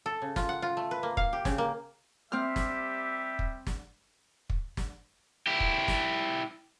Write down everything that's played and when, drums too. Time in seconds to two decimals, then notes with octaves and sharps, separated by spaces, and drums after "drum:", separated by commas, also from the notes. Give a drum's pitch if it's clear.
0.06 A4
0.22 C#3
0.36 F4, drum: snare
0.49 F#5
0.62 F4
0.77 A3
0.91 B4
1.03 A#3
1.17 F5, drum: kick
1.33 G4
1.45 C#3, drum: snare
1.58 A#3
2.32 G3 C4 G4 E5 F6
2.56 drum: snare
3.39 drum: kick
3.67 drum: snare
4.50 drum: kick
4.77 drum: snare
5.47 E4 G4
5.60 drum: kick
5.88 drum: snare